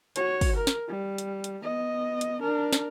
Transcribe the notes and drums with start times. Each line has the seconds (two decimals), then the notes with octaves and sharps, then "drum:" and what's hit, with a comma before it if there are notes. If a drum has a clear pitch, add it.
0.16 F#4 C#5, drum: hi-hat
0.41 drum: kick, open hi-hat
0.56 A#4
0.67 drum: snare
0.88 G3
1.18 drum: hi-hat
1.44 drum: hi-hat
1.62 B3 D#5
2.21 drum: hi-hat
2.41 D4 A#4
2.73 drum: snare